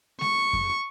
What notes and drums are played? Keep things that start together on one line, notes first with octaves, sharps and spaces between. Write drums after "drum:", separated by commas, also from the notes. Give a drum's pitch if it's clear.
C#6, drum: snare G#3
drum: kick F2